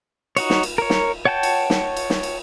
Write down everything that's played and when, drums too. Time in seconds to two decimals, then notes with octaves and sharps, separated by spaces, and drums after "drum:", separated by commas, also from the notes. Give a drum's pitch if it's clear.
0.37 D#4 F#4 C#5, drum: cymbal
0.50 drum: snare
0.63 drum: cymbal
0.78 A#4 C#5
0.90 drum: snare
1.25 C#5 F#5 G5 A5 G6
1.43 drum: cymbal
1.70 drum: snare
1.97 drum: cymbal
2.10 drum: snare
2.23 drum: cymbal